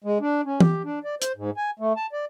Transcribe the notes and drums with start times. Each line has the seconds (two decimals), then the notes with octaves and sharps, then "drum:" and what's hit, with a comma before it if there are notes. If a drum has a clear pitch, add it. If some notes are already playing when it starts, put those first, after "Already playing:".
0.04 G#3
0.20 D4
0.45 C#4
0.60 G4, drum: tom E3
0.84 D4
1.04 D5
1.22 C5, drum: hi-hat
1.36 G#2
1.57 G#5
1.79 A3
1.97 A5
2.13 D5